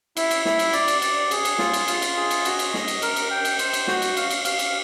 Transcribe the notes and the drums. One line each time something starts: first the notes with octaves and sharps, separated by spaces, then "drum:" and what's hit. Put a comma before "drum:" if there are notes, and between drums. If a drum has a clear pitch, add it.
E4, drum: cymbal
drum: cymbal
E4, drum: snare
drum: cymbal
D5, drum: cymbal
drum: cymbal
D5, drum: cymbal
G#4, drum: cymbal
drum: cymbal
F4, drum: snare
drum: cymbal
F4, drum: cymbal
drum: cymbal
G#4
drum: cymbal
F#4, drum: cymbal
drum: cymbal
D#5, drum: snare
drum: cymbal
A#4, drum: cymbal
drum: cymbal
G5
drum: cymbal
C5, drum: cymbal
drum: cymbal
F#4, drum: snare
drum: cymbal
F5, drum: cymbal
drum: cymbal
F5, drum: cymbal
drum: cymbal